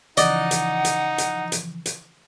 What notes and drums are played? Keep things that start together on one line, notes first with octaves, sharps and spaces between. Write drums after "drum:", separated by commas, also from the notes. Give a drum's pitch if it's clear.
C#3 E3 F3 D#4 D5 D#5 F#5, drum: hi-hat
drum: hi-hat
drum: hi-hat
drum: hi-hat
drum: hi-hat
drum: hi-hat